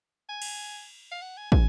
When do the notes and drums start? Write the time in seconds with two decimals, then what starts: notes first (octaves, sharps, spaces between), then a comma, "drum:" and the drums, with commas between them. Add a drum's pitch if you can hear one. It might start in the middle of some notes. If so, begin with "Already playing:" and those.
0.29 G#5
0.42 drum: cymbal
1.12 F5
1.21 F#5
1.37 G#5
1.52 G#5, drum: kick